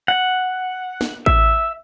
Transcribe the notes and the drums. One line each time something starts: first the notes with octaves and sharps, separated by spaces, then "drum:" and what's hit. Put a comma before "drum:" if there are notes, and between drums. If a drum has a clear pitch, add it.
F#5
drum: snare
E5, drum: kick A1